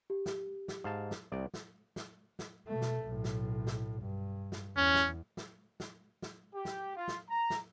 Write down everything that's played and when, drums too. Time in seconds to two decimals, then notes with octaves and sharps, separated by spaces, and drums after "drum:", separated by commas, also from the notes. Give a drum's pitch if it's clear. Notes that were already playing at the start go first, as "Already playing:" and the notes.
0.10 G4
0.26 drum: snare
0.68 drum: snare
0.84 G#2 F5 A5
1.11 drum: snare
1.32 C2 D5
1.54 drum: snare
1.96 drum: snare
2.39 drum: snare
2.67 B2 A3
2.81 drum: snare
3.03 B1 A2
3.24 drum: snare
3.67 drum: snare
4.01 G2
4.52 drum: snare
4.77 E2 C#4
4.95 drum: snare
5.37 drum: snare
5.80 drum: snare
6.22 drum: snare
6.55 G4
6.65 drum: snare
6.96 F4
7.08 drum: snare
7.30 A#5
7.50 drum: snare